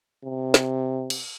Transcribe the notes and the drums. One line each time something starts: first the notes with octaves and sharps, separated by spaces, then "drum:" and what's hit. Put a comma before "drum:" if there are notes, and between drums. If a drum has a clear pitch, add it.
C3
drum: snare
drum: cymbal